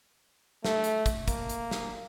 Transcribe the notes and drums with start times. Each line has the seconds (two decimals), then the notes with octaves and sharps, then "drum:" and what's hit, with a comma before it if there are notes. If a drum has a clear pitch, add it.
0.65 A3, drum: snare
0.84 drum: hi-hat
1.06 drum: kick, hi-hat
1.28 A#3, drum: kick, hi-hat
1.49 drum: hi-hat
1.71 drum: snare